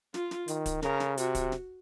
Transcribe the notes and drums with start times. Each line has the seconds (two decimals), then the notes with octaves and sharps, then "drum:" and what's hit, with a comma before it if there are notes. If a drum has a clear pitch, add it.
0.14 F4, drum: snare
0.31 drum: snare
0.48 D#3, drum: hi-hat
0.66 drum: kick, hi-hat
0.82 C#3 A#4, drum: snare
1.00 drum: snare
1.17 C3 F#4, drum: hi-hat
1.35 drum: kick, hi-hat
1.52 drum: snare